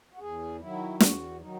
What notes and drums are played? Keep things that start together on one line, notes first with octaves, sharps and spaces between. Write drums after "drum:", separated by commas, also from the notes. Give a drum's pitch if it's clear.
F#4
E2 G#4
D#3 F#3 E4
E2 F#4, drum: snare
D#3 F#3 D#4